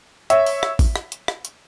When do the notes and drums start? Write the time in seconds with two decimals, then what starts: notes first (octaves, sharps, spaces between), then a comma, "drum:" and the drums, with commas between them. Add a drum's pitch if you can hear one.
0.30 C#5 E5, drum: hi-hat
0.46 drum: open hi-hat
0.63 drum: rim click
0.79 drum: kick A1, open hi-hat
0.96 drum: rim click
1.12 drum: hi-hat
1.28 drum: rim click
1.45 drum: hi-hat